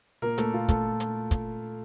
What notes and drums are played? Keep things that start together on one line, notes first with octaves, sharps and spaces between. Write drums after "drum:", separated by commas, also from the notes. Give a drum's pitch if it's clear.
A#2 A#3 A#4
A#2 A3 A4, drum: hi-hat
A#2 F4
A#2 A3 A4, drum: kick, hi-hat
drum: hi-hat
drum: kick, hi-hat